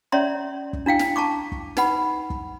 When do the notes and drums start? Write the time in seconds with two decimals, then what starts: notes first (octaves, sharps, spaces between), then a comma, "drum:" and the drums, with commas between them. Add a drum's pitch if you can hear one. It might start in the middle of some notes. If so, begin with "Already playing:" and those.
0.12 C#4 C#5 D5 E5 A#5 C6
0.73 drum: kick
0.86 D4 E4 F5 G5
0.99 drum: snare
1.16 A5 A#5 C#6 D6
1.52 drum: kick
1.77 D#4 B4 F#5 B5, drum: snare
2.30 drum: kick